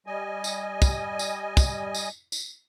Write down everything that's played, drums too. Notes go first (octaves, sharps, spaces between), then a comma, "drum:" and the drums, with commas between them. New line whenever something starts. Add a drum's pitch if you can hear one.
G3 D#5 G#5
drum: tambourine
drum: kick, tambourine
drum: tambourine
drum: kick, tambourine
drum: tambourine
drum: tambourine